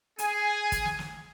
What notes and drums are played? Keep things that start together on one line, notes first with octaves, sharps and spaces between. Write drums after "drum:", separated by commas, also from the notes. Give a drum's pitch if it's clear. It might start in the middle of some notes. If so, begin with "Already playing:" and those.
G#4 G#5, drum: hi-hat
drum: kick, hi-hat
drum: snare
drum: snare